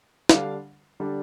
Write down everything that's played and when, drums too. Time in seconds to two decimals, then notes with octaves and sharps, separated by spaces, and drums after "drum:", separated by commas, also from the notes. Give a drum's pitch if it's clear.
0.29 D3 G3 D4 F5, drum: snare
1.00 D3 G3 D4